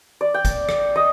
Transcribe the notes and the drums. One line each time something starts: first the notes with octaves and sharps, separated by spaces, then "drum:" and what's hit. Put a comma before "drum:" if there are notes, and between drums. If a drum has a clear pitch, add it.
D5
G5
drum: kick, hi-hat
drum: rim click
D#5